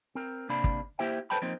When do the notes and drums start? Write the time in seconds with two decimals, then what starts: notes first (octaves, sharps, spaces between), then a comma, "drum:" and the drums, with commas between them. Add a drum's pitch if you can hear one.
0.15 C4 A#4
0.49 C3 A#3 D4 B5
0.64 drum: kick
0.99 A#3 E4 G4 C5 E5 G5
1.30 A4 B4 C5 G5 A5 B5
1.42 F3 A#3 C4 D#4